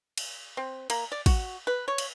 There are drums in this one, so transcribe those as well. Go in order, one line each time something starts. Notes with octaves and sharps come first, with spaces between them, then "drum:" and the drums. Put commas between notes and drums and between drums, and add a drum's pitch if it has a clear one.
drum: cymbal
C4
A#3, drum: cymbal
D5
F#4, drum: kick, cymbal
B4
C#5
drum: cymbal